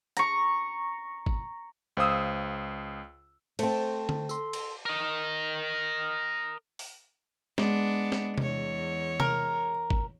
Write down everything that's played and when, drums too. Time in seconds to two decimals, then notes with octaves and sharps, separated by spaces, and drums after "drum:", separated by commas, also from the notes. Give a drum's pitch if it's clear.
0.17 A#5 C#6, drum: hi-hat
1.26 drum: kick
1.97 C#2 C5 F5 D#6 E6
3.59 A3 C4 C5 A5, drum: cymbal
4.09 drum: tom D3
4.29 A4 C6, drum: tambourine
4.53 drum: cymbal
4.86 A#4 D#5
6.79 drum: open hi-hat
7.58 G#3 B3 D4, drum: snare
8.12 drum: snare
8.38 E2 C#5, drum: tom C3
9.20 A#4, drum: tom C3
9.90 drum: kick